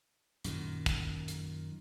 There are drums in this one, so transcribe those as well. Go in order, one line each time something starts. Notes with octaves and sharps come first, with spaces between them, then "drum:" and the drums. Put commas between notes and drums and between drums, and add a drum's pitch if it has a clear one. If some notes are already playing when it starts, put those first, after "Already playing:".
F#2 A#2 D#3, drum: hi-hat
drum: kick, hi-hat
drum: hi-hat